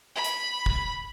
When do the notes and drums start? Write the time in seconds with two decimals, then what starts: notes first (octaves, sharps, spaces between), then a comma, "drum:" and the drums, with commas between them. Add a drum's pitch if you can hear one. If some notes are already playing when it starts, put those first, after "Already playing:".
0.15 B5
0.24 drum: hi-hat
0.66 drum: kick